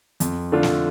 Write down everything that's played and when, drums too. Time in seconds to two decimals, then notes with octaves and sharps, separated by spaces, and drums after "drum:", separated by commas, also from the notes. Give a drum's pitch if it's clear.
0.20 F2, drum: hi-hat
0.52 D3 A3 D4 F4
0.63 drum: snare